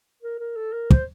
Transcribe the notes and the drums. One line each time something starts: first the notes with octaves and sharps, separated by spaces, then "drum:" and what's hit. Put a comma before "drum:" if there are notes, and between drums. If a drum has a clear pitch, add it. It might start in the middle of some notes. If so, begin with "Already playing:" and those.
A#4
A#4
A4
A#4
C5, drum: kick